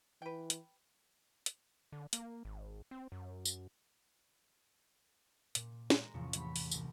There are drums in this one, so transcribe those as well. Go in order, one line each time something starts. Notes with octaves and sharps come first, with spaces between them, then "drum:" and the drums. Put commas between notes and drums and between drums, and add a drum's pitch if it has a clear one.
E3 B4 G5
drum: hi-hat
drum: hi-hat
D3
A#3, drum: hi-hat
G#1
C4
F#2
drum: tambourine
A#2, drum: hi-hat
G#3 A#5, drum: snare
A1 E2 C3 F3 C#5
A3 G4 B5, drum: hi-hat
G4, drum: open hi-hat
C2 F#3, drum: tambourine